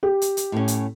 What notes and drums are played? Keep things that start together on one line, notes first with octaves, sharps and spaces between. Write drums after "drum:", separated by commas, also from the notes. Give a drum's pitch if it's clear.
G4
drum: hi-hat
drum: hi-hat
A2 C#4
drum: hi-hat